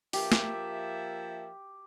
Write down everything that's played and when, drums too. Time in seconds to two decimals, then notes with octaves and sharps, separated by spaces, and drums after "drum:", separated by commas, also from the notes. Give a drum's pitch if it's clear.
0.13 F3 A#3 G4 E5, drum: open hi-hat
0.32 drum: snare